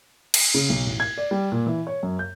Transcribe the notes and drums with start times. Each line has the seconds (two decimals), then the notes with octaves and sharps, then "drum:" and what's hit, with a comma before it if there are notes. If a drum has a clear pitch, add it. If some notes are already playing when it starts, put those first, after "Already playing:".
0.34 drum: cymbal
0.54 C#3
0.69 B1
0.87 A1
1.00 G#6
1.18 D5
1.31 G3
1.52 A#2
1.67 E3
1.87 C#5
2.03 F#2
2.19 G6